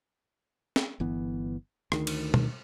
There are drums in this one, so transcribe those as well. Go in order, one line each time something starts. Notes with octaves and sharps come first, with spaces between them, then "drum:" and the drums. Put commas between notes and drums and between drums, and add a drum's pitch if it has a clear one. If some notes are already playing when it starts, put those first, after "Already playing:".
drum: snare
G1 E3 B3
D2 D#3, drum: rim click
drum: cymbal
drum: tom B2